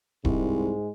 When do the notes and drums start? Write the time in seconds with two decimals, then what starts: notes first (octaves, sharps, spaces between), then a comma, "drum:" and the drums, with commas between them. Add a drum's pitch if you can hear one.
0.25 C2 G#2 G#3, drum: kick D#1